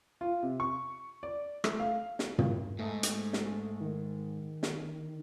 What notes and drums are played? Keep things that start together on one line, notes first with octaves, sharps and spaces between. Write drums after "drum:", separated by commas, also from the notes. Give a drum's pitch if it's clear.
F4
C3
C#6
D5
A3, drum: rim click
F5
drum: snare
drum: tom
G#2 A3
drum: hi-hat
drum: snare
D#3
drum: snare